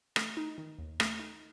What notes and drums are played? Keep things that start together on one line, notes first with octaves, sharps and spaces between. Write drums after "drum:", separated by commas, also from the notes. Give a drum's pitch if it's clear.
A3, drum: rim click
D#4
D#3
D#2
A3, drum: rim click
D#4